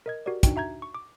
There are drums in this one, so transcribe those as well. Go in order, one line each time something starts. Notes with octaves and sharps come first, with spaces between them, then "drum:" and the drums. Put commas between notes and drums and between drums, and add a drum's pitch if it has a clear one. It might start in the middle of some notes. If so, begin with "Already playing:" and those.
A#4 D#5 G#6
F#4 G4 A#4 D5
D4 D#4 F#4 G5, drum: kick, hi-hat
F#4 E5 A#5 G6 G#6
C#6
D6